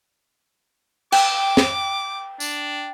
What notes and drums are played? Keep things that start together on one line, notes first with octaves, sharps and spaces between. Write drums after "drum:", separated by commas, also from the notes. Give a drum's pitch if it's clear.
G5 D6, drum: cymbal
drum: snare
D4, drum: tambourine